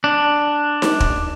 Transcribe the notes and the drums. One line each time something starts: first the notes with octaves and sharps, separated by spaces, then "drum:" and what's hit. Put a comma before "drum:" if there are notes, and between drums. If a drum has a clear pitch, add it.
D4
drum: snare D#4
drum: kick